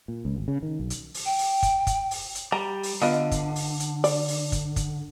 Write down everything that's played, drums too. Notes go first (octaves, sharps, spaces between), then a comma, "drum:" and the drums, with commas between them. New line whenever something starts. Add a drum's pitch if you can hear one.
A#2
C#2
G#1
C#3
D#3
B1
drum: hi-hat
drum: open hi-hat
G5
drum: open hi-hat
drum: kick, hi-hat
drum: kick, hi-hat
drum: open hi-hat
drum: hi-hat
G3 A#5
drum: open hi-hat
D3 B3 F4 D#5
drum: kick, hi-hat
drum: open hi-hat
drum: hi-hat
D5, drum: open hi-hat
drum: open hi-hat
drum: kick, hi-hat
drum: kick, hi-hat